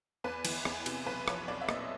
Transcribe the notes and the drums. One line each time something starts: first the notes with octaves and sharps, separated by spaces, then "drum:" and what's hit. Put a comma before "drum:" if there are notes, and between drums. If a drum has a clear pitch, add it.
E2 B4
E3, drum: cymbal
E2, drum: rim click
C3, drum: cymbal
B1 B4
F3 C#5, drum: rim click
B1 D5
E5
A#2 D#5, drum: rim click